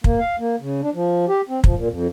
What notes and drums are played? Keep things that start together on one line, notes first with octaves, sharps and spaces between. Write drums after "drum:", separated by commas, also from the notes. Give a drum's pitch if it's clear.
A#3, drum: kick
F5
A#3
C#3
D4
F3
G4
C4
F3, drum: kick
A#2
F2